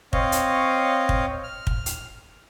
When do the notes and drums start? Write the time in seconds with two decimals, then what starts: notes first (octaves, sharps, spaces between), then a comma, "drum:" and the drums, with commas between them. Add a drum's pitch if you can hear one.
0.13 C4 C#5 D#5 F5, drum: kick
0.32 drum: hi-hat
1.09 drum: kick
1.43 F6
1.67 drum: kick
1.86 drum: hi-hat